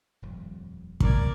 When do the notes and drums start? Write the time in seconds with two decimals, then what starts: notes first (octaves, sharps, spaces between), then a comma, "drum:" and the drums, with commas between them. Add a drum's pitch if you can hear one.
0.22 D#1 F2 G3
1.00 D2 A2 A#4 D5 G#6, drum: kick